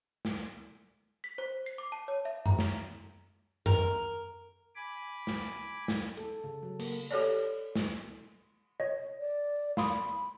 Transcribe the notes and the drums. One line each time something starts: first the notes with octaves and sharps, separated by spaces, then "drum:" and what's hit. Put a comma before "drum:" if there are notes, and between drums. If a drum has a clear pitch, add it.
drum: snare
B6
C5
C7
D6
A5
C#5
E5
A#5, drum: tom F#2
drum: snare
A#4, drum: tom F#2
G#5 B5 D6
drum: snare
drum: snare
A4, drum: hi-hat
C#3
F#3
A#3, drum: cymbal
G4 A4 C#5 D5
drum: snare
C#5 D#5
D5
F5 B5 C6 D#6, drum: snare